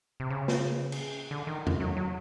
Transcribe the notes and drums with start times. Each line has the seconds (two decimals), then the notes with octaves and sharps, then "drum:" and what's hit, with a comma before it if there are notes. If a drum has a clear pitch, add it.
0.20 C3
0.30 C#3
0.48 drum: snare
0.92 drum: cymbal
1.31 D3
1.47 D#3
1.67 drum: tom E2
1.80 F#3
1.97 F#3